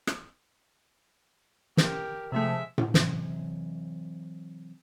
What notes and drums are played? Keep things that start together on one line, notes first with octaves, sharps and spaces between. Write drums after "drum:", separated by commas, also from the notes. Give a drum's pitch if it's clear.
drum: rim click
G4 A#4, drum: snare
C3 F3 G#3 A3 E5
drum: tom A2
C3 E3 F#3, drum: snare